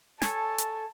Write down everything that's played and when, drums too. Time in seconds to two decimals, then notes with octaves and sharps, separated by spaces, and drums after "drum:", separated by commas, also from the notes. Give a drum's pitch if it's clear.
0.22 A4 C#5 G#5 A5, drum: snare
0.58 drum: hi-hat